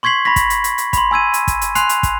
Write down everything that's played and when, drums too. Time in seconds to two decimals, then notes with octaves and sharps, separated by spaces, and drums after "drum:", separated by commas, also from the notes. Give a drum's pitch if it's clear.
0.03 C6 C#6 G#6 B6 C7 F#7
0.25 B5 C#6 A#6 B6
0.36 drum: kick, hi-hat
0.50 drum: hi-hat
0.64 drum: hi-hat
0.78 drum: hi-hat
0.93 B5 C6, drum: kick, hi-hat
1.11 G#5 E6 G#6 D#7
1.34 drum: hi-hat
1.48 drum: kick, hi-hat
1.61 drum: hi-hat
1.75 G#5 C6 F#6 C7 F7, drum: hi-hat
1.89 drum: hi-hat
2.03 drum: kick, hi-hat